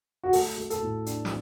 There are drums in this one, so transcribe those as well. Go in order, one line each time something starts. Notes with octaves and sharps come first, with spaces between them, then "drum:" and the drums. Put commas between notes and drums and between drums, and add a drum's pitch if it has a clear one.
F#4
A3 A4, drum: open hi-hat
A3
A4, drum: hi-hat
A2
D4, drum: hi-hat
drum: snare